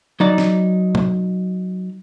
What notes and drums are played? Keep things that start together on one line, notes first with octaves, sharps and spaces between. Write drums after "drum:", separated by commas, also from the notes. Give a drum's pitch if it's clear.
F#3 D#4 D5
drum: snare
drum: tom B2